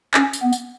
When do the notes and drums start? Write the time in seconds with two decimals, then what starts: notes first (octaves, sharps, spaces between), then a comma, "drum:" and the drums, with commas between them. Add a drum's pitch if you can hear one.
0.14 C#4, drum: clap
0.33 drum: tambourine
0.43 B3
0.53 drum: tambourine